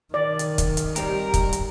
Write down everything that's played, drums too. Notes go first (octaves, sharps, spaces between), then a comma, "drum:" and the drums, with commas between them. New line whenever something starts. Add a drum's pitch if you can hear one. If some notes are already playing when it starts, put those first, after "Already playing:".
D#3 D5
drum: hi-hat
drum: kick, hi-hat
drum: hi-hat
G3 C4 G4 A#4, drum: hi-hat
drum: kick, hi-hat
drum: hi-hat